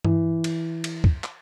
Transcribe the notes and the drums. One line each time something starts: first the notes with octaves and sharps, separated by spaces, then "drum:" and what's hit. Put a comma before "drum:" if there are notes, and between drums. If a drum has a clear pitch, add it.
E3, drum: tom G2
drum: cymbal
drum: cymbal
drum: kick
drum: clap